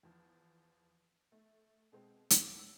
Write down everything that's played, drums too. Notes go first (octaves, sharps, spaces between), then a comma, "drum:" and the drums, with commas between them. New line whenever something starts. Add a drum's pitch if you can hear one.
E2 F3
A3
B2 G#3 C4
drum: hi-hat
D6 E6
E6